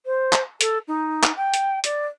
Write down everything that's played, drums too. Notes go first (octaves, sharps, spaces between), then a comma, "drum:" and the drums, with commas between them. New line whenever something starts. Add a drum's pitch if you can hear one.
C5
drum: clap
A4, drum: hi-hat
D#4
drum: clap
G5
drum: hi-hat
D5, drum: hi-hat